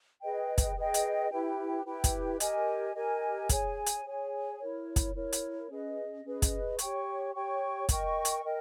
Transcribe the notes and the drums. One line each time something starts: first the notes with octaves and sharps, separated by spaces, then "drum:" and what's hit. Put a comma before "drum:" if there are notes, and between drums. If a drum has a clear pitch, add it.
G#4 B4 D#5 G5
drum: kick, hi-hat
G#4 B4 D#5 G5
drum: hi-hat
E4 G4 B4 G5
E4 G4 B4 G5
drum: kick, hi-hat
G4 A#4 D#5 G#5, drum: hi-hat
G4 A#4 D#5 G#5
G#4 C#5 G#5, drum: kick, hi-hat
drum: hi-hat
G#4 C#5 G#5
E4 A#4 C#5
drum: kick, hi-hat
E4 A#4 C#5
drum: hi-hat
C#4 G#4 B4 D#5
C#4 G#4 B4 D#5
drum: kick, hi-hat
G4 C#5 G5 C#6, drum: hi-hat
G4 C#5 G5 C#6
A#4 D#5 G5 C#6, drum: kick, hi-hat
drum: hi-hat
A#4 D#5 G5